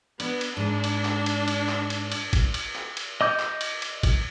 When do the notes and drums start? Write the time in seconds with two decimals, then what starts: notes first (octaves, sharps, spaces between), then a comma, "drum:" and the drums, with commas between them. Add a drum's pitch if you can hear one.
0.20 B3 D4, drum: cymbal
0.41 drum: cymbal
0.57 G#2 D4
0.84 drum: cymbal
1.05 drum: clap
1.26 drum: cymbal
1.48 drum: cymbal
1.69 drum: clap
1.90 drum: cymbal
2.12 drum: cymbal
2.33 drum: kick, cymbal
2.54 drum: cymbal
2.76 drum: clap
2.97 drum: cymbal
3.21 D#5 D6 G6
3.39 drum: clap
3.61 drum: cymbal
3.82 drum: cymbal
4.03 drum: kick, cymbal